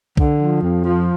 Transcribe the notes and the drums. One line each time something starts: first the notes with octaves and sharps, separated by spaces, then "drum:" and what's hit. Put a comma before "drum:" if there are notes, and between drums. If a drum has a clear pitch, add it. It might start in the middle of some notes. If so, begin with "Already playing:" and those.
D3, drum: kick B1
F3
F2
F3